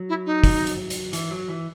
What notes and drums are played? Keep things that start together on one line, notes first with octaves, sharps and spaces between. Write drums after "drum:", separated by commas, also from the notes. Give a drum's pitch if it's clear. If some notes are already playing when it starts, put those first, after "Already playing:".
Already playing: F#3
E4
D#4
drum: kick, open hi-hat
drum: hi-hat
drum: hi-hat
E3, drum: hi-hat
F#3
E3